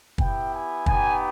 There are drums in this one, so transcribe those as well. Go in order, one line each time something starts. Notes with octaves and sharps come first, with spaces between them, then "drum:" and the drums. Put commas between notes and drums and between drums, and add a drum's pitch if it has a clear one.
B3 E4 G4 G5, drum: kick
G#5
B3 D#4 G4 G#5, drum: kick